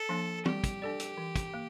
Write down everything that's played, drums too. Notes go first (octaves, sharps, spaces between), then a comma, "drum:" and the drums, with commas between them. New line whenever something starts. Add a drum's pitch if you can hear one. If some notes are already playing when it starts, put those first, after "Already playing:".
Already playing: A4
F3 A#3 D4
G3 G4, drum: tom
drum: kick, hi-hat
D4 A4 D5
drum: hi-hat
E3
drum: kick, hi-hat
A#3